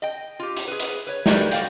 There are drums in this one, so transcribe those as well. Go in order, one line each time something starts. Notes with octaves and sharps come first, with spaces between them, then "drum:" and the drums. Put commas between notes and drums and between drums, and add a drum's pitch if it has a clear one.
D#5 G5
F4 G4
drum: hi-hat
G#4 B4
drum: hi-hat
B4 C#5
D#4 F#4 G4 A#4 B4 D5, drum: snare
F#4 D5 F5 G5, drum: hi-hat